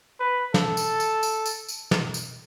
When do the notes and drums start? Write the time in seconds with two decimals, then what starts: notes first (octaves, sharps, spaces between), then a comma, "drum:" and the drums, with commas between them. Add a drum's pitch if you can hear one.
0.20 B4
0.54 A4, drum: snare
0.77 drum: tambourine
1.00 drum: tambourine
1.23 drum: tambourine
1.46 drum: tambourine
1.68 drum: tambourine
1.91 drum: snare
2.14 drum: tambourine